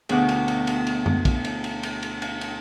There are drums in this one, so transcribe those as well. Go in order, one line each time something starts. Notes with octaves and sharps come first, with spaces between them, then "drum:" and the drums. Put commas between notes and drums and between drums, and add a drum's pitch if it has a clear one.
D2 B2 G#4 F#5 D6, drum: cymbal
drum: cymbal
drum: cymbal
drum: cymbal
drum: cymbal
drum: tom
drum: kick, cymbal
drum: cymbal
drum: cymbal
drum: cymbal
drum: cymbal
drum: cymbal
drum: cymbal